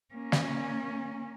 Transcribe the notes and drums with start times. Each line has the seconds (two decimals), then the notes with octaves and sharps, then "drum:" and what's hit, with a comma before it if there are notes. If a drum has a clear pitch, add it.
0.14 A#3 C#4
0.32 drum: snare